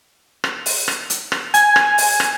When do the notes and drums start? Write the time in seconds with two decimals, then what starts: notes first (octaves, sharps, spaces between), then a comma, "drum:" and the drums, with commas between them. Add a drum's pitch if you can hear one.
0.44 drum: rim click
0.66 drum: open hi-hat
0.88 drum: rim click
1.10 drum: hi-hat
1.32 drum: rim click
1.54 G#5, drum: hi-hat
1.76 drum: rim click
1.98 drum: open hi-hat
2.20 drum: rim click